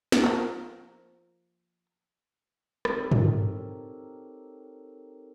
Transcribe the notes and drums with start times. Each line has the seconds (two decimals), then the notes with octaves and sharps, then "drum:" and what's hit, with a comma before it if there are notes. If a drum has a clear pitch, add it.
0.12 drum: snare
0.24 F3 A#3
2.85 C4 D#4 G4 A4 A#4 C#5, drum: rim click
3.11 drum: tom